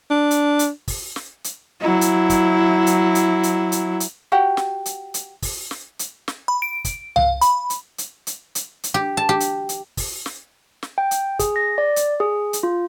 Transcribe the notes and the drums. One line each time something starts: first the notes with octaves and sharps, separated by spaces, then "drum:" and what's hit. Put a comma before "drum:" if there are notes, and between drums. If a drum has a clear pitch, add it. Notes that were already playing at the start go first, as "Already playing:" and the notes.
D4
drum: hi-hat
drum: hi-hat
drum: kick, open hi-hat
drum: snare
drum: hi-hat
F#3 E4
drum: hi-hat
drum: kick, hi-hat
drum: hi-hat
drum: hi-hat
drum: hi-hat
drum: hi-hat
drum: hi-hat
F#4 G4 F#5
drum: snare
drum: hi-hat
drum: hi-hat
drum: kick, open hi-hat
drum: snare
drum: hi-hat
drum: snare
B5
D7
drum: kick, hi-hat
F5, drum: tom C2
B5, drum: hi-hat
drum: hi-hat
drum: hi-hat
drum: hi-hat
drum: hi-hat
drum: hi-hat
G4
A5
G4
drum: hi-hat
drum: hi-hat
drum: kick, open hi-hat
drum: snare
drum: snare
G5
drum: hi-hat
G#4, drum: kick, hi-hat
A#6
D5
drum: hi-hat
G#4
drum: hi-hat
F4